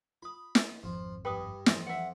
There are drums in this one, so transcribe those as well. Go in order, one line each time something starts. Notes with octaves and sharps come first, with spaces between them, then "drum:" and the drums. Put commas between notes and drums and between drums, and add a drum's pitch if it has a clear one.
F4 B5 D#6
drum: snare
G#1 F2 F3
G2 B4 G5 D6 D#6
F2 E3 G3 D#5, drum: snare
E5 F#5